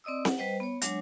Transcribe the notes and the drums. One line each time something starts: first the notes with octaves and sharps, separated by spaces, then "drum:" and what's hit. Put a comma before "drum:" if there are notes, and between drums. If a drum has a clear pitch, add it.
C4 D5 D#5 D#6 E6
F#5, drum: snare C4
G3 B4 C5 D#5 G5
B3 C#5
F#3 G#3 D4 C#5, drum: hi-hat